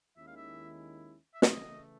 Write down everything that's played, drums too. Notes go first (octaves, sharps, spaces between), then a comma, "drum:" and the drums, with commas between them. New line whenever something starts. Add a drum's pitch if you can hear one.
D#2 D#3 G#3 C#4 E4 E5
F5
E5
E5
C#3 E3 A3 D#5, drum: snare